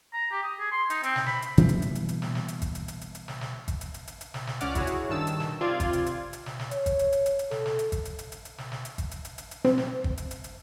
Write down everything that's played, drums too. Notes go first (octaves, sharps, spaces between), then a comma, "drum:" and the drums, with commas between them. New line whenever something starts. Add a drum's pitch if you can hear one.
A#5
G4
D#6
G#4
C6
D#4, drum: hi-hat
C4, drum: hi-hat
drum: snare
B5, drum: snare
drum: hi-hat
B2 E3 G3 A#3, drum: kick, hi-hat
drum: hi-hat
drum: hi-hat
drum: hi-hat
drum: hi-hat
drum: snare
drum: snare
drum: hi-hat
drum: kick, hi-hat
drum: hi-hat
drum: hi-hat
drum: hi-hat
drum: hi-hat
drum: snare
drum: snare
drum: kick, hi-hat
drum: hi-hat
drum: hi-hat
drum: hi-hat
drum: hi-hat
drum: snare
drum: snare
C#2 C#4 D5 F#5 D6 F6, drum: hi-hat
E4 F#4 G#4 C#5, drum: kick, hi-hat
drum: hi-hat
G2 D#3 A5 E6
drum: hi-hat
drum: snare
C3 C4 F4 D5 G#6
drum: kick, hi-hat
drum: hi-hat
drum: hi-hat
drum: hi-hat
drum: snare
drum: snare
C#5, drum: hi-hat
drum: kick, hi-hat
drum: hi-hat
drum: hi-hat
drum: hi-hat
drum: hi-hat
A4, drum: snare
drum: snare
drum: hi-hat
drum: kick, hi-hat
drum: hi-hat
drum: hi-hat
drum: hi-hat
drum: hi-hat
drum: snare
drum: snare
drum: hi-hat
drum: kick, hi-hat
drum: hi-hat
drum: hi-hat
drum: hi-hat
drum: hi-hat
C4, drum: snare
drum: snare
drum: kick
drum: hi-hat
drum: hi-hat
drum: hi-hat